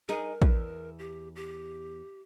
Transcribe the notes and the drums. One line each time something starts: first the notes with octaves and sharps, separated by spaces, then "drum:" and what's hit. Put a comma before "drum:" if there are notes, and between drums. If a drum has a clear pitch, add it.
D#4 G#4 A#4
E2, drum: kick
G4
G4